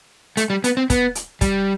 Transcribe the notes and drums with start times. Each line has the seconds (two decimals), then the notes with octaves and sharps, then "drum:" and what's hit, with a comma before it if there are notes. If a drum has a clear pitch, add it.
0.37 A3, drum: hi-hat
0.50 G3
0.64 B3, drum: hi-hat
0.77 C4
0.90 B3, drum: kick, hi-hat
1.15 drum: hi-hat
1.41 G3, drum: kick, hi-hat